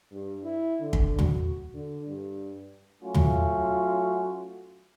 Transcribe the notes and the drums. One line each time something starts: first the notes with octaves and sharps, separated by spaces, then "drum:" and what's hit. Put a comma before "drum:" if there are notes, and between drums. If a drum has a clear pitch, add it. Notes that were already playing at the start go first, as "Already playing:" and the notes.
G2
E4
D3
drum: kick
F#4, drum: tom
D3
G2
F#3 A3 C#4 F4 F#4
drum: tom